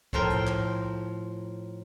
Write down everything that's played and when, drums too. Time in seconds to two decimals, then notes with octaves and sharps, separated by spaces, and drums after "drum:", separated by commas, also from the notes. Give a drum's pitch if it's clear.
0.13 A2 F3 A#4 G5, drum: kick B1
0.30 drum: hi-hat
0.47 drum: clap